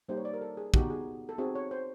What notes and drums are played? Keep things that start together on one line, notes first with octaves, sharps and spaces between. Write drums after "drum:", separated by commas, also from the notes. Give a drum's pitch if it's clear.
G3 A#3 D#4 G4 C5
C#5
D5
A#4
A4
G#4
B3 D#4 F#4 G4, drum: kick
G#4
A4
C4 D#4 F#4 G#4
C#5
C5